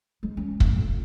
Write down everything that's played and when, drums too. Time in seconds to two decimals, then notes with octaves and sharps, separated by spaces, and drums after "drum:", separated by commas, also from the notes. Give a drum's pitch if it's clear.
0.23 G#3
0.37 C#4
0.60 D2, drum: kick
0.76 F2